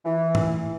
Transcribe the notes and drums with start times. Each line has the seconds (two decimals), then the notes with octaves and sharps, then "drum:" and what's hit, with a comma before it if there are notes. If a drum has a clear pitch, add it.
0.05 E3
0.35 drum: tom G#2